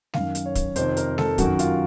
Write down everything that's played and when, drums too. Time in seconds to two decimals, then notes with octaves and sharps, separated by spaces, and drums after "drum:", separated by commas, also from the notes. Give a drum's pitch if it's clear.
0.14 F#2 D#3 F5, drum: snare G#3
0.35 drum: hi-hat
0.46 C#5
0.55 drum: kick, hi-hat
0.76 F2 C3 D#3 C5, drum: hi-hat
0.97 A#4, drum: hi-hat
1.18 A4, drum: snare G#3
1.38 F#2 D#3 F#4, drum: kick, hi-hat
1.59 F4, drum: hi-hat